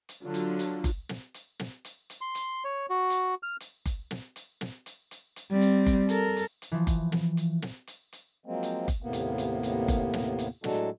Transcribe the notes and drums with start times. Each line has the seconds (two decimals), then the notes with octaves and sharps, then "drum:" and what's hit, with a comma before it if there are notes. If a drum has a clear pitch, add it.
0.09 drum: hi-hat
0.24 D3 F#3 F4
0.34 drum: hi-hat
0.59 drum: hi-hat
0.84 drum: kick F#1, hi-hat
1.09 drum: snare
1.34 drum: hi-hat
1.59 drum: snare
1.85 drum: hi-hat
2.10 drum: hi-hat
2.21 C6
2.35 drum: hi-hat
2.64 C#5
2.90 F#4
3.10 drum: hi-hat
3.43 F6
3.60 drum: hi-hat
3.86 drum: kick F#1, hi-hat
4.11 drum: snare
4.36 drum: hi-hat
4.61 drum: snare
4.86 drum: hi-hat
5.11 drum: hi-hat
5.36 drum: hi-hat
5.51 G3 C4
5.61 drum: hi-hat
5.86 drum: kick F#1, hi-hat
6.09 A4 A#4, drum: hi-hat
6.37 drum: hi-hat
6.62 drum: hi-hat
6.72 E3 F3
6.87 drum: kick F#1, hi-hat
7.12 drum: snare
7.37 drum: hi-hat
7.62 drum: snare
7.87 drum: hi-hat
8.13 drum: hi-hat
8.46 F3 F#3 G#3 A#3 C4
8.63 drum: hi-hat
8.88 drum: kick F#1, hi-hat
9.02 D#2 A2 C3 A#3 B3
9.13 drum: hi-hat
9.38 drum: hi-hat
9.63 drum: hi-hat
9.88 drum: kick F#1, hi-hat
10.13 drum: snare
10.39 drum: hi-hat
10.64 A2 F#3 G#3 D4 F#4 A4, drum: snare